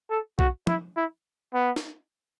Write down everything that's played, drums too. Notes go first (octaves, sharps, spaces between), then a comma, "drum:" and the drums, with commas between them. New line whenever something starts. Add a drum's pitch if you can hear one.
A4
F#4, drum: kick
E4, drum: tom
E4
B3
drum: snare D#4